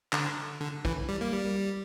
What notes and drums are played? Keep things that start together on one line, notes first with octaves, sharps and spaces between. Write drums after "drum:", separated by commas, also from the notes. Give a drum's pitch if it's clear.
D3, drum: clap
D3
E3, drum: kick
G3
A#3
G3